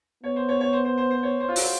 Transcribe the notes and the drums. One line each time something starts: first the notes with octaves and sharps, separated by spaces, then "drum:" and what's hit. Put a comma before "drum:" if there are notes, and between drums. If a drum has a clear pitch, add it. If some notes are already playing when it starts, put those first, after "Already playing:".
B3 C#5
C5
C#5
C#5
C5
C5
C5
C5
C#5
C5
F4
F#4, drum: open hi-hat